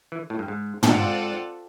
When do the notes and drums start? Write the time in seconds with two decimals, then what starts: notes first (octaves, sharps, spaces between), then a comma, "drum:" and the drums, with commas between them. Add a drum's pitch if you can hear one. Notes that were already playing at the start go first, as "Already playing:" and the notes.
0.12 E3
0.30 A2
0.39 G2
0.48 G#2
0.83 G#2 C4 F4 A4 D5 F#5, drum: tom